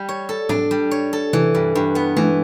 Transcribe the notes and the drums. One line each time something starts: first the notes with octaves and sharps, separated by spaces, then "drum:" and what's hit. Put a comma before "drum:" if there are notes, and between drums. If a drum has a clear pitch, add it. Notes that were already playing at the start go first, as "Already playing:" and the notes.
Already playing: G3
C#5
A4
D4, drum: tom G#2
G3
C#5
A4
E3, drum: tom C3
G2
G2
B3
E3, drum: tom G#3